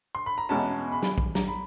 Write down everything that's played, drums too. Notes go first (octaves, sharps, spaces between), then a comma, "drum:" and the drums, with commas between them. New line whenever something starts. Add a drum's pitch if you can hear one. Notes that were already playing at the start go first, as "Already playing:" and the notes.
C6
B5
A#5
E2 B2 G#3 C#4 F#4 A5
B5
drum: snare
drum: kick
A#5, drum: snare
B5